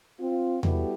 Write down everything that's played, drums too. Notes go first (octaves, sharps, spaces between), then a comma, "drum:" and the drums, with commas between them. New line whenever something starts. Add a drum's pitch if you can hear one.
C4 F4
G3 B3 E4 F#4 G4 A4, drum: tom E2